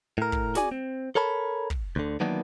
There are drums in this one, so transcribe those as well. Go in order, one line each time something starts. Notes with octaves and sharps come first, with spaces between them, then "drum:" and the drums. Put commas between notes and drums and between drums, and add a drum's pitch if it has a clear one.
A2 A#4
drum: kick
F#4 G#4 D5 G#5, drum: snare
C4
A4 A#4 C#5 A5 B5
drum: kick
D2 D3
D#3 E3 F#3 A#3 B3 D4